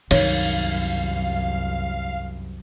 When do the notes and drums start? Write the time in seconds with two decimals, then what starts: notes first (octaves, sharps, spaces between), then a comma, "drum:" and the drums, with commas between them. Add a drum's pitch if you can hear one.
0.11 C2 F#2 D#3 D#4 C#5 F5, drum: cymbal